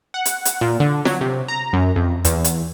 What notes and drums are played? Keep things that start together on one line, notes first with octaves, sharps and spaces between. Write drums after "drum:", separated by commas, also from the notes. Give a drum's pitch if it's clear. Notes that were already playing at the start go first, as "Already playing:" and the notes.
F#5
drum: hi-hat
drum: hi-hat
A#2
D3
F#3, drum: snare
C3
A#5
F#2
F2
E2, drum: hi-hat
drum: hi-hat